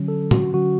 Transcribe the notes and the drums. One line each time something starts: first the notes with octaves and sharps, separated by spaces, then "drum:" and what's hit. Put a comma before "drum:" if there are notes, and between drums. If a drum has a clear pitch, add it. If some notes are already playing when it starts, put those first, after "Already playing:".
Already playing: D3 F#3 C#4
A4
F#4, drum: tom A2
D3 F#3 C#4 F#4